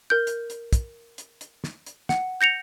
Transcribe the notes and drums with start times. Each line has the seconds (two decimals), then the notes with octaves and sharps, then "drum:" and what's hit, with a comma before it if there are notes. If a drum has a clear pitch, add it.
0.10 A#4 G6
0.27 drum: hi-hat
0.50 drum: hi-hat
0.73 drum: kick, hi-hat
1.18 drum: hi-hat
1.41 drum: hi-hat
1.64 drum: snare
1.86 drum: hi-hat
2.09 F#5, drum: snare
2.41 G6 A#6 C#7 F7